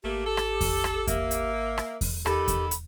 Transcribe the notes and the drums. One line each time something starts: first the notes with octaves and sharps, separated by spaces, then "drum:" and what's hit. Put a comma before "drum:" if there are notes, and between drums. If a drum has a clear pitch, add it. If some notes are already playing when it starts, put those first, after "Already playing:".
G#1 A3 A#3 G4
A4
drum: rim click
drum: kick E2, open hi-hat
drum: rim click
A#3 E5, drum: kick E2, hi-hat
drum: hi-hat
drum: rim click
drum: kick E2, open hi-hat
E2 D#3 G4 A4 B5, drum: rim click
drum: kick E2, hi-hat
drum: hi-hat